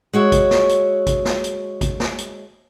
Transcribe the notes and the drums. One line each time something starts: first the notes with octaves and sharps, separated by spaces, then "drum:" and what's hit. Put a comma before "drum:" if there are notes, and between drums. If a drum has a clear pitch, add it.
G#3 F#4 C#5 E5
drum: kick, hi-hat
drum: snare
drum: hi-hat
drum: kick, hi-hat
drum: snare
drum: hi-hat
drum: kick, hi-hat
drum: snare
drum: hi-hat